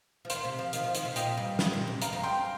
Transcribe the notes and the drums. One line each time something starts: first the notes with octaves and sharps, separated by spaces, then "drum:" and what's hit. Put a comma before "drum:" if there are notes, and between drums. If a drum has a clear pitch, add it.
F3
D#3 C5 F5, drum: hi-hat
C3
F3
D#3, drum: hi-hat
F3
D#3, drum: hi-hat
C3
A#2 D#5 G5, drum: hi-hat
G2
G2, drum: snare
A#2
C3
G2 F5 A#5, drum: hi-hat
F2
G2 G5 C6